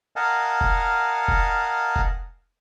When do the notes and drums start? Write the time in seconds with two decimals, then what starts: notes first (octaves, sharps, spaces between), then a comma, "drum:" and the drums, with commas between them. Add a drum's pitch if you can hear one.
0.16 A#4 D#5 F5 F#5 G#5 A5
0.61 drum: kick F1
1.28 drum: kick F1
1.96 drum: kick F1